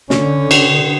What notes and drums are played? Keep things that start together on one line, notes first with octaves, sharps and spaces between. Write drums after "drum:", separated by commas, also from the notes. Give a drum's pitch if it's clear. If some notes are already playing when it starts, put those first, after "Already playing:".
D3 C#4, drum: snare
drum: cymbal